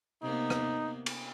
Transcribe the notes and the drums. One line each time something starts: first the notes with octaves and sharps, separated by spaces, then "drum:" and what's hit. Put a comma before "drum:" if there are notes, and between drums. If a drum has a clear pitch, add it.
C3 A#3 B3 D#4
drum: rim click
drum: cymbal